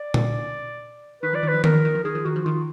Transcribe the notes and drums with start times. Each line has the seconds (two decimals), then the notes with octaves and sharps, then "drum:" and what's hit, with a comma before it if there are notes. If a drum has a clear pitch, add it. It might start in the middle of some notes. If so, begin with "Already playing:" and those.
Already playing: D5
0.14 D3, drum: tom A#2
1.23 D#3 B4
1.33 F3 D5
1.43 D#3
1.49 B4
1.54 F3
1.64 D#3 A#4, drum: tom D#3
1.74 F3
1.85 D#3
1.95 F3
2.04 D#3 G#4
2.15 F3
2.25 D#3 F#4
2.36 F3
2.45 D#3 F4